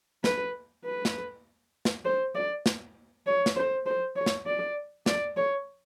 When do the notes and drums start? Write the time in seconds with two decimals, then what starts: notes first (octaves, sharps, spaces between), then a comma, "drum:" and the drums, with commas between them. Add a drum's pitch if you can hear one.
0.24 B4, drum: snare
0.85 B4
1.05 drum: snare
1.85 drum: snare
2.05 C5
2.35 D5
2.66 drum: snare
3.26 C#5
3.46 drum: snare
3.56 C5
3.86 C5
4.16 C#5
4.26 drum: snare
4.46 D5
5.06 D5, drum: snare
5.36 C#5